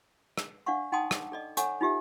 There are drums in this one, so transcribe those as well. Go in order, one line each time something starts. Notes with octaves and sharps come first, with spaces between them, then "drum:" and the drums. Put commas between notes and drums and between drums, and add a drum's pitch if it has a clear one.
drum: rim click
D4 D5 F5 F#5 C#6
D#4 F#5 G5 A5 C6 D#6
D6, drum: rim click
A4 D5 D#5
A4 C#5 F#5 G#5 A#5 C#6, drum: hi-hat
D#4 F4 G4 E5